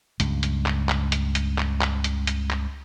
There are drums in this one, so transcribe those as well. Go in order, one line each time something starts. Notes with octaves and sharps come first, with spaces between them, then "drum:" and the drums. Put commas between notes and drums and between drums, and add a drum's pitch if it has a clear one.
C#2 G2, drum: hi-hat
drum: hi-hat
drum: clap
drum: clap
drum: hi-hat
drum: hi-hat
drum: clap
drum: clap
drum: hi-hat
drum: hi-hat
drum: clap